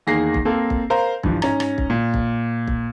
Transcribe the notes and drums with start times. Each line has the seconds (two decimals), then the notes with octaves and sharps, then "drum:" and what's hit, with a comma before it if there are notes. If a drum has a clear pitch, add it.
0.07 E2 D#3 A#3 G#4 A#6 C7
0.34 drum: kick
0.45 A#3 C4 A4
0.70 drum: kick
0.90 A#4 C5 F5 A#5
1.23 G2 E3 F3, drum: kick
1.42 G#2 C#4 A#5, drum: rim click
1.60 drum: rim click
1.78 drum: kick
1.90 A#2
2.14 drum: kick
2.68 drum: kick